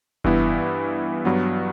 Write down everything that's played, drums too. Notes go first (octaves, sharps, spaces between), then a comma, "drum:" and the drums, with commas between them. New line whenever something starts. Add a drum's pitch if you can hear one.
G2 E3 B3 E4, drum: kick F1
G2 F#3 B3